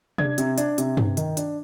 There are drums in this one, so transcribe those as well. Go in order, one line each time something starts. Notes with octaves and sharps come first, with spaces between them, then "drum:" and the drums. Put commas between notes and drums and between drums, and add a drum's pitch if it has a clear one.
D4 G#6, drum: tom C3
C3, drum: hi-hat
D4, drum: hi-hat
C3, drum: hi-hat
C3, drum: tom G2
D#3, drum: hi-hat
D4, drum: hi-hat